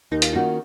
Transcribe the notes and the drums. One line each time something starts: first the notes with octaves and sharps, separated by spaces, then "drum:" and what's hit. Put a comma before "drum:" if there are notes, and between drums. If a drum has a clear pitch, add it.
D#2 D#4
F4, drum: hi-hat
D#3 A#3 C#4 D#4 F#4